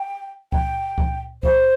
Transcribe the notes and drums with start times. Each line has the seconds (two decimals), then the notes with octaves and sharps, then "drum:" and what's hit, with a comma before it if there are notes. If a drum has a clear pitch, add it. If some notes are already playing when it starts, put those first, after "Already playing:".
Already playing: G5
0.52 G5, drum: kick C#2
0.98 drum: kick C#2
1.43 C5, drum: kick C#2